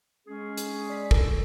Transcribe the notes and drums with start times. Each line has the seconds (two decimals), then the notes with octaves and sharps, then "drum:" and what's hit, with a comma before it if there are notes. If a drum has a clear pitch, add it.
0.27 G#3 C#4 G#4
0.57 drum: hi-hat
0.90 D5 B6
1.11 A4 A#4 E6, drum: kick